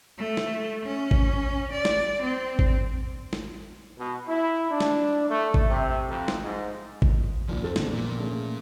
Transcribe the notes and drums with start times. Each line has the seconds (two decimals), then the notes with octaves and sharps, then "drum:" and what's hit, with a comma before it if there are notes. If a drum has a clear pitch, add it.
0.18 A3
0.37 drum: snare
0.85 C#4
1.11 drum: kick G#1
1.72 D5
1.85 drum: snare
2.22 C4
2.59 drum: kick G#1
3.33 drum: snare
3.98 B2
4.28 E4
4.71 D4
4.80 drum: snare
5.29 A3
5.54 drum: kick G#1
5.69 C3
6.09 F2
6.28 drum: snare
6.43 G#2
7.02 drum: kick G#1
7.49 C2 A#2 F3 F4
7.62 F2 C4 A4 C5
7.76 A#1 E2 D3, drum: snare
7.91 A#2 A#3
8.20 A3 C#4 G#4